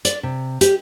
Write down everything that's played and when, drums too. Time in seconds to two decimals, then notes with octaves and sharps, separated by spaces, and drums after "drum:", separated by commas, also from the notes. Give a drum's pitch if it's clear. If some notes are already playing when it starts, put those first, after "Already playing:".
0.05 D5, drum: hi-hat
0.23 C3
0.61 G4, drum: hi-hat